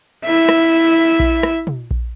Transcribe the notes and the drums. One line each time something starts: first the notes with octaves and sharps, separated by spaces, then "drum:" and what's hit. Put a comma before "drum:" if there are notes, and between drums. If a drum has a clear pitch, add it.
E4 E5
drum: rim click
drum: kick A#1
drum: rim click
drum: tom
drum: kick A#1